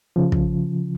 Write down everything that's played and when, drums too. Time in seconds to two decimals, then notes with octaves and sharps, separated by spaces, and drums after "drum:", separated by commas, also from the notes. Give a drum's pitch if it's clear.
0.16 C#3 F3
0.32 drum: kick